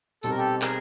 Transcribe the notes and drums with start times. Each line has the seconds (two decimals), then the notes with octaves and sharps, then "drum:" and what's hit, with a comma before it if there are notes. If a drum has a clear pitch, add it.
0.23 B2 G3 C4 D#4 A4, drum: tambourine
0.31 A#4
0.38 G4 A4
0.62 G#4 A#4, drum: clap